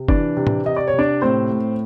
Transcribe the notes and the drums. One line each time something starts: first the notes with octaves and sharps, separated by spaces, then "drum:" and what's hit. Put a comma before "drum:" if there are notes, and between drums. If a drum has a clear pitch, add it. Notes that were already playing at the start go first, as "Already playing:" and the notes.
Already playing: C3
E3 D4 D5, drum: kick F#1
C3
drum: tom
C3 D#5
D5
C#5
C3
D4 D5
A2 C4 C5
A2